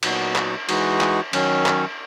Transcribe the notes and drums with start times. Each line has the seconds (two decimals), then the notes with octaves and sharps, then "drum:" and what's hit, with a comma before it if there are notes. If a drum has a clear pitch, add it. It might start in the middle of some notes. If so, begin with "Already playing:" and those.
0.03 A#2 F#3 B3 D#4 F#4, drum: cymbal
0.36 drum: clap
0.69 E3 G#3 D#4 F#4, drum: cymbal
1.01 drum: clap
1.33 D#3 F#3 C#4, drum: cymbal
1.66 drum: clap